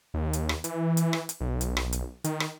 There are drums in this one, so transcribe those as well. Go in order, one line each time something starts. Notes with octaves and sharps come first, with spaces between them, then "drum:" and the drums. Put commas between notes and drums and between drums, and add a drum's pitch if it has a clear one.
D#2
drum: hi-hat
drum: rim click
E3, drum: hi-hat
drum: hi-hat
drum: rim click
drum: hi-hat
B1
drum: hi-hat
drum: rim click
drum: hi-hat
D#3, drum: hi-hat
drum: rim click